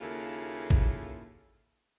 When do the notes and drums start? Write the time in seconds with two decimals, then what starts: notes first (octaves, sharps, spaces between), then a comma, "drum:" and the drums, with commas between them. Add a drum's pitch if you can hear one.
0.01 D#2 C#3 A#3 E4 F4 A4
0.70 drum: kick